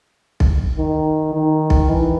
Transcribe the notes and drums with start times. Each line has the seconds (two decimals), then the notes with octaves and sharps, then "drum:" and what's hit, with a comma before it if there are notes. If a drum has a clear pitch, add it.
0.40 drum: kick B1
0.78 D#3
1.33 D#3
1.70 drum: kick B1
1.89 E3